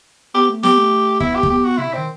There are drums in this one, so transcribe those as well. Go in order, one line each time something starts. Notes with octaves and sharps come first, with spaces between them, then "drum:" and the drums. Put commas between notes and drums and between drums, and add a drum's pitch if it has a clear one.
B3 G4
A3
B3 G4, drum: snare
A3
B3 E4, drum: kick
G4
A3, drum: kick
B3 G4
F#4
C3 E4
B2
D#3 C4